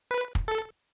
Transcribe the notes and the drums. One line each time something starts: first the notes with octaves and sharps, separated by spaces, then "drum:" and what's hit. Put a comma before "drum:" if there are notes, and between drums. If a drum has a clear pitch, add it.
B4
drum: kick
A4